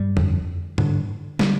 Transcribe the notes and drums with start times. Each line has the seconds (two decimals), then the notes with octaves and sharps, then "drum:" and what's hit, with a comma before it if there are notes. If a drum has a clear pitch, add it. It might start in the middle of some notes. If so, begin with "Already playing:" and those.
Already playing: G2 G3
0.17 F2 D3, drum: tom F3
0.78 G2 D3, drum: tom G#2
1.39 D3 G3, drum: snare